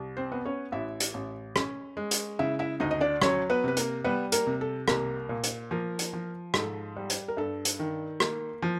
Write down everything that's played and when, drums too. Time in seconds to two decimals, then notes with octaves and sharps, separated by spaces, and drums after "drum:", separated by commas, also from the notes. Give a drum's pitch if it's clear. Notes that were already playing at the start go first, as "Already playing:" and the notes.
Already playing: C2
0.17 C4 C5
0.32 B3
0.45 C#4 C#5
0.72 A1 E4 E5
1.00 drum: hi-hat
1.14 A1
1.56 C#4, drum: rim click
1.97 G#3
2.11 drum: hi-hat
2.39 C#3 E4 E5
2.59 E4 E5
2.80 D2 D#4 D#5
2.91 D#5
3.01 D4 D5
3.22 F#3 C#4 C#5, drum: rim click
3.50 B3 B4
3.64 C3 B4
3.77 A#3 A#4, drum: hi-hat
4.04 G3 B3 B4
4.32 A#3 A#4, drum: hi-hat
4.47 C3
4.61 A4
4.88 C2 A#3 A#4, drum: rim click
5.29 A#2
5.44 drum: hi-hat
5.71 F3 A#3 A#4
5.99 drum: hi-hat
6.13 F3
6.54 G#2 A4, drum: rim click
6.97 G3
7.10 drum: hi-hat
7.28 A#4
7.37 G2 A4
7.65 drum: hi-hat
7.79 D#3
8.20 A#3, drum: rim click
8.62 F3